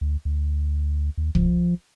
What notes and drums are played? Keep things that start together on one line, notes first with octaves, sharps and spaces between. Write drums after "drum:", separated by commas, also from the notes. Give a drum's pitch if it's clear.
D2
D2
D#2
F3, drum: kick